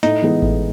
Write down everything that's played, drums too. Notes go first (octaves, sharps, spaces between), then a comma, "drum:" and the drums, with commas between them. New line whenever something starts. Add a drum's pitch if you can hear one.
A2 D#4, drum: snare
E3 G#3 B3 E4
A2, drum: kick G#1